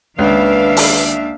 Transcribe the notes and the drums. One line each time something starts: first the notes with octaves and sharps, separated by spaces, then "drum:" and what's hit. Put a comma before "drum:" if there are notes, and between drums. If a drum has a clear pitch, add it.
C#2 D#3 A#3 D4 B4 E5 F5
drum: open hi-hat